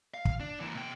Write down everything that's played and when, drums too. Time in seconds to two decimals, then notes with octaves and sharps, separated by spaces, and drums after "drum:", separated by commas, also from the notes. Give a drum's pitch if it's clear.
0.14 F5
0.25 drum: kick
0.40 D4
0.60 E3 A#3
0.75 B2 G5